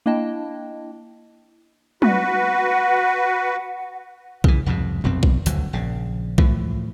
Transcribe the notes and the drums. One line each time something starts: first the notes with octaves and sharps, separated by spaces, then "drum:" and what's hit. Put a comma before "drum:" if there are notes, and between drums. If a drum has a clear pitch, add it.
A#3 D4 E4 D#5 G5 A5
F#4 B4 F#5, drum: tom
C#3 E3, drum: kick B1
C2 F2 G#2 B2
F1 B1 B2 C4, drum: tom F2
drum: kick B1
G1 D2 D3 F#3, drum: hi-hat
A#1 C#3
A2 E3 F3, drum: kick B1